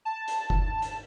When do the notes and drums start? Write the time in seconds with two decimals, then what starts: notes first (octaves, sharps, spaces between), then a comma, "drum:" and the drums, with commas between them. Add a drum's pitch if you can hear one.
0.05 A5
0.28 drum: hi-hat
0.50 drum: kick F#1
0.82 drum: hi-hat